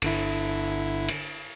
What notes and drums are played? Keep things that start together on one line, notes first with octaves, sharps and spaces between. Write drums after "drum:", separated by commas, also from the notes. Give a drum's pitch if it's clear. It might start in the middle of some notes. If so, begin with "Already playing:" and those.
G1 D3 E4, drum: cymbal
drum: cymbal